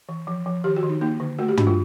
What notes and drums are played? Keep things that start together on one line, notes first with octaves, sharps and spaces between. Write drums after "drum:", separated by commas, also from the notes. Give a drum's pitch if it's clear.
E3
F3
F3
D#3 G4
F#4
D#3
D#4
A#3 D#4
D3
A3 F#4
G4
D4 F#4, drum: tom
F4